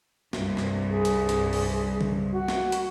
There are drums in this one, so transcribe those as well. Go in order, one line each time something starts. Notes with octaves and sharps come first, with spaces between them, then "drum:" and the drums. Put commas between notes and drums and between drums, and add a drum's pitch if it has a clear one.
C2 G2, drum: snare
drum: snare
G#4
drum: hi-hat
drum: hi-hat
drum: open hi-hat
drum: tom
F#4
drum: snare
drum: hi-hat